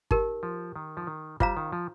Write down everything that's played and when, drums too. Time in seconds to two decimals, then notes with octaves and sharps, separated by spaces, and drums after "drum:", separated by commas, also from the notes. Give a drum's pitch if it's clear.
0.11 D#4 G4 A#4, drum: kick G1
0.43 F3
0.76 D#3
0.97 F3
1.07 D#3
1.40 G3 F4 C5 F5 A#5, drum: kick G1
1.57 D#3
1.72 F3